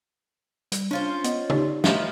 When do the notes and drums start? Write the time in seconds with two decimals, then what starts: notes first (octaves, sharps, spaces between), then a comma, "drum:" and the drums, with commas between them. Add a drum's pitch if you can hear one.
0.72 G3, drum: hi-hat
0.91 C#4 D4 F4 C5
1.24 B3 D#5, drum: hi-hat
1.50 D#4 G4 C#5 D5, drum: tom
1.84 D#3 F3 A3 B3 E5 F5, drum: snare